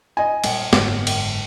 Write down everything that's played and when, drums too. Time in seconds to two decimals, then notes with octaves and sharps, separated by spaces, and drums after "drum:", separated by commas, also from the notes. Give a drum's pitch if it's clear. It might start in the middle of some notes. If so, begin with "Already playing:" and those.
0.17 D#5 G#5
0.44 A#2 G3, drum: cymbal
0.73 F#1 G#2 D3, drum: snare
1.07 drum: cymbal